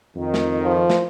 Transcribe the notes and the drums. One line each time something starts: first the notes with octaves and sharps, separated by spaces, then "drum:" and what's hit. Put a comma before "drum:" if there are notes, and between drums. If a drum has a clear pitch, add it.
F2 D#3
drum: snare
F3
drum: snare